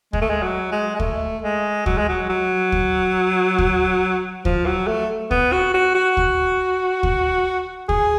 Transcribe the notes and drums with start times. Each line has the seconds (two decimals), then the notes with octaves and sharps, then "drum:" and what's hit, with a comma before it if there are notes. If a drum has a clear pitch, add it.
0.13 G#3, drum: kick
0.22 A3
0.30 G#3
0.43 F#3
0.72 G#3
0.96 G#3
1.00 A3, drum: kick
1.43 G#3
1.86 F#3, drum: kick
1.98 G#3
2.09 F#3
2.29 F#3
2.72 drum: kick
3.58 drum: kick
4.45 F3, drum: kick
4.66 F#3
4.88 A3
5.31 B3, drum: kick
5.53 F#4
5.74 F#4
5.95 F#4
6.17 drum: kick
7.03 drum: kick
7.89 G#4, drum: kick